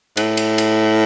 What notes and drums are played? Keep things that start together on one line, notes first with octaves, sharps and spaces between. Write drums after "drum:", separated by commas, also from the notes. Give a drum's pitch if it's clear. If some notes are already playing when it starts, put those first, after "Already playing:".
A2, drum: cymbal
drum: cymbal
drum: cymbal